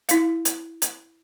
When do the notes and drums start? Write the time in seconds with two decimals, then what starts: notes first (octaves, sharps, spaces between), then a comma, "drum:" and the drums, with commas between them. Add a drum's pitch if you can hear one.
0.09 E4 F5, drum: hi-hat
0.45 drum: hi-hat
0.82 drum: hi-hat